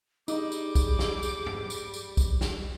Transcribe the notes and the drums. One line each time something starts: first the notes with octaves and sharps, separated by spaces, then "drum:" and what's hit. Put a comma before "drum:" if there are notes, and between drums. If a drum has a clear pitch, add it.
G3 D#4 G#4 D6, drum: tambourine
drum: tambourine
drum: kick, tambourine
drum: snare
drum: tambourine
drum: tom G2
drum: tambourine
drum: tambourine
drum: kick, tambourine
drum: snare